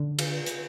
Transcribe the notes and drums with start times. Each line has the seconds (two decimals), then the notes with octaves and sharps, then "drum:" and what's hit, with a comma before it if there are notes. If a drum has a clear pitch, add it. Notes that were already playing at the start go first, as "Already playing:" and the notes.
Already playing: D3
0.19 drum: cymbal
0.46 drum: hi-hat